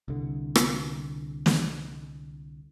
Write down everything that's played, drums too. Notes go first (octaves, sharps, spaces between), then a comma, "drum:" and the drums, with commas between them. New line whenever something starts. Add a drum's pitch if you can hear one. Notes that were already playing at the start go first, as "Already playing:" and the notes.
C2 D3
drum: rim click
drum: snare